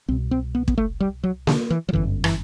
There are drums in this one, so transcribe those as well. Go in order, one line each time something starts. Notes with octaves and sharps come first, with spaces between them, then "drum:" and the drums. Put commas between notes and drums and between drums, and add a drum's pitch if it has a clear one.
C2 B2 C4
C4
B3
B3, drum: kick
A3
G3
F#3
D3, drum: snare A#3
E3
F#3
G1 F#2 D3 E3
E3, drum: rim click